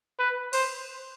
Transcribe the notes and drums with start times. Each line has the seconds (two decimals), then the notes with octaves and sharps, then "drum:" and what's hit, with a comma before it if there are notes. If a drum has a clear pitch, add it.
0.19 B4
0.53 C5, drum: cymbal